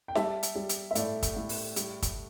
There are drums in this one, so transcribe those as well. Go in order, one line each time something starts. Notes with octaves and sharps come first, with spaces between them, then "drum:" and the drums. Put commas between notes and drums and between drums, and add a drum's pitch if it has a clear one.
G5
G3 E5 A5, drum: snare
drum: hi-hat
G3
drum: hi-hat
E5
A2 A4 D5, drum: hi-hat
drum: kick, hi-hat
A2
drum: open hi-hat
G3, drum: hi-hat
drum: kick, hi-hat